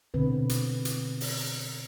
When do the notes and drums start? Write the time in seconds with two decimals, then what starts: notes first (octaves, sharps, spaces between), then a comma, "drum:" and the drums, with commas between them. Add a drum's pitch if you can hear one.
0.14 B2 D3 C4 B4
0.49 drum: hi-hat
0.85 drum: hi-hat
1.21 drum: open hi-hat